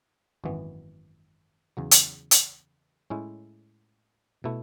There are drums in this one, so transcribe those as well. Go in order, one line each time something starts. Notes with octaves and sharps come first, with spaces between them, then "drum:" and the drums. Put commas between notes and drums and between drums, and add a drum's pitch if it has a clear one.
G#1 F#2 E3 B3
E2 C#3 F#3
drum: hi-hat
drum: hi-hat
A2 G#3 C#4 E4
B2 A3 E4